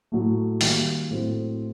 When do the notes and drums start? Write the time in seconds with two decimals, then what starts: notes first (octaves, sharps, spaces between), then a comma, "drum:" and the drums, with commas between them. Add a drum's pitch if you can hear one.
0.12 A2 F#3 A3
0.61 D#3 G3 A#3 F#4, drum: open hi-hat
1.11 A2 F#3 C4